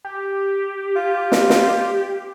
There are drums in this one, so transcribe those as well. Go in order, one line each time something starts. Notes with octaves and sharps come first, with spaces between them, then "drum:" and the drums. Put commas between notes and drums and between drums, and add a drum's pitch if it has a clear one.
G4
F4
drum: snare
drum: snare